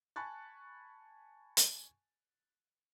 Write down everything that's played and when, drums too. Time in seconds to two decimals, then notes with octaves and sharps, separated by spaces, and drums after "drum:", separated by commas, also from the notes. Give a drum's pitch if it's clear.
0.16 G#5 A5 B5 C#6 F#6 A6
1.57 drum: hi-hat